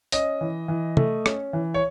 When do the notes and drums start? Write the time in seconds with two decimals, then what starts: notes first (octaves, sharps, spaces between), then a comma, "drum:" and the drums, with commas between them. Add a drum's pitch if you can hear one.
0.12 C#4 D#5, drum: hi-hat
0.41 E3
0.68 E3
0.97 A3, drum: tom
1.26 C#4, drum: rim click
1.53 E3
1.74 C#5